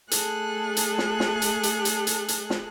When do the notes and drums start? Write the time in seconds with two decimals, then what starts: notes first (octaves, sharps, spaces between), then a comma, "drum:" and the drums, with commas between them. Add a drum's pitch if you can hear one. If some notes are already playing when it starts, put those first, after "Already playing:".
0.11 A3 G#4 A4 F#6, drum: hi-hat
0.77 drum: hi-hat
0.98 drum: snare
1.20 drum: snare
1.42 drum: hi-hat
1.63 drum: hi-hat
1.85 drum: hi-hat
2.07 drum: hi-hat
2.28 drum: hi-hat
2.50 drum: snare